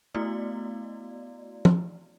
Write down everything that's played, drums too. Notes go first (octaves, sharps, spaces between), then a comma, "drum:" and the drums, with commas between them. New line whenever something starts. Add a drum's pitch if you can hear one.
A3 B3 E4 F#4 D5
drum: tom